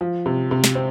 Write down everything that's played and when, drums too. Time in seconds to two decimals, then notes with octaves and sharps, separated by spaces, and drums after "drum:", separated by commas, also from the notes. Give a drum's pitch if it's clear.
0.01 F3
0.26 C3
0.51 C3
0.64 drum: snare
0.75 C4